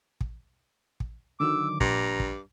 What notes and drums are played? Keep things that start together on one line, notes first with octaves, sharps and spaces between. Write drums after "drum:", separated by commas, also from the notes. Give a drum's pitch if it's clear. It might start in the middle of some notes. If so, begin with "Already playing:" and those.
drum: kick
drum: kick
D3 D#3 F#3 D6 E6
A#1 G2 A#5 D6, drum: kick
drum: kick